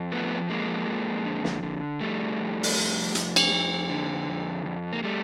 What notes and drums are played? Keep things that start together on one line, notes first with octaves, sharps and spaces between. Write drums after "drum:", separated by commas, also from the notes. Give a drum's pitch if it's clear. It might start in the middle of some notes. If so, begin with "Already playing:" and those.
Already playing: F2
F3 A3 B3
F2 G#3 A#3
F2
D3
drum: snare
D3
F2 G3 A3
F2
drum: open hi-hat
F2
F2, drum: hi-hat
drum: cymbal
F2
D3
F2
F2
A#3
G3 A3